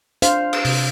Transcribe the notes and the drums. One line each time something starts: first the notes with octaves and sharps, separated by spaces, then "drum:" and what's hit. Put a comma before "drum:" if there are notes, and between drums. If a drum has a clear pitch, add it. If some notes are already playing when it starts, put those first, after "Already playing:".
D4 C5 F5, drum: hi-hat
drum: cymbal
C3, drum: open hi-hat